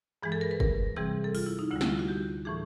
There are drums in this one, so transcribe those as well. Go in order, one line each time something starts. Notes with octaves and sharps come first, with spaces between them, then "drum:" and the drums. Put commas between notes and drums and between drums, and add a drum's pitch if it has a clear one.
G2 E3 G#3 G#4
A4
A#4
B4
A#4, drum: kick
C3 E3 G3 C4 G#4
A4
F4, drum: open hi-hat
E4
D#4
D2 D3 G3 E4
E4, drum: snare
F4
F#4
G4
A2 E3 A3 D4 G#4